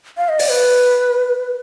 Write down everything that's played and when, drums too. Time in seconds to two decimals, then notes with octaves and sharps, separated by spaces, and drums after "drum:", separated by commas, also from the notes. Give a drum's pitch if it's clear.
0.17 F5
0.29 D#5
0.39 D5, drum: open hi-hat
0.50 B4